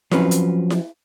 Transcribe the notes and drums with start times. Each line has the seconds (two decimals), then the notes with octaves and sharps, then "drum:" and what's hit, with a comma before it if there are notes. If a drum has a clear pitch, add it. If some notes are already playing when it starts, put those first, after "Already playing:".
0.11 F3 F#3 C4 C#4 B4, drum: snare E4
0.31 drum: hi-hat
0.70 drum: snare E4